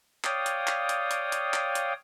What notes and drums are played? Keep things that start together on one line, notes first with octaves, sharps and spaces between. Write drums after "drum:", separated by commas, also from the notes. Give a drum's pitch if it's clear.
C#5 D5 F5 G5 D#6, drum: clap
drum: hi-hat
drum: clap
drum: hi-hat
drum: hi-hat
drum: hi-hat
drum: clap
drum: hi-hat